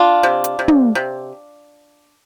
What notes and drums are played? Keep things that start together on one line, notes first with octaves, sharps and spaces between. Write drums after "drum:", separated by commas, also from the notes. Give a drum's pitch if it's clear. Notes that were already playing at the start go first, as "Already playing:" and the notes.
Already playing: D4 F4
C3
drum: hi-hat
C3
drum: tom
C3